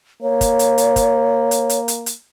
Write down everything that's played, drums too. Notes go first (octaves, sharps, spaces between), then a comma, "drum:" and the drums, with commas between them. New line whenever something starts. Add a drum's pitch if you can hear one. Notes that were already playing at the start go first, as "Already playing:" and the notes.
A#3 C#5
drum: kick, hi-hat
drum: hi-hat
drum: hi-hat
drum: kick, hi-hat
drum: hi-hat
drum: hi-hat
drum: hi-hat
drum: hi-hat